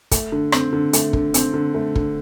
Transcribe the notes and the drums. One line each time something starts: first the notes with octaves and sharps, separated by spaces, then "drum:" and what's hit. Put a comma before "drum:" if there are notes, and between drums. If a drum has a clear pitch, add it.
A3, drum: kick, hi-hat
D3
C4, drum: rim click
D3
A3, drum: hi-hat
D3, drum: kick
C4, drum: hi-hat
D3
A3
D3, drum: kick